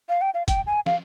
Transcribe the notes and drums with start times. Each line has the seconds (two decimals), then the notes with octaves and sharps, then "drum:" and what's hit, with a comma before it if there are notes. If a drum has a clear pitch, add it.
0.09 F5
0.21 G5
0.34 F5
0.48 G5, drum: kick, hi-hat
0.67 G#5
0.86 F5, drum: snare